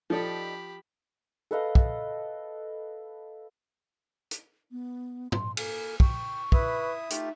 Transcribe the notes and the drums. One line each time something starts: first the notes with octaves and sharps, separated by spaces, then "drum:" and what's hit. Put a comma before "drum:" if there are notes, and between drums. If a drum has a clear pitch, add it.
F3 D#4 G4 A4 D5 B5
A4 B4 D#5 F5
drum: kick
drum: hi-hat
B3
C6, drum: tom G#2
A#3 A4 G#5 F6, drum: cymbal
G5 C#6, drum: kick
E4 B4 E5 D#6, drum: kick
A3 D#4 F4 G4 E5, drum: hi-hat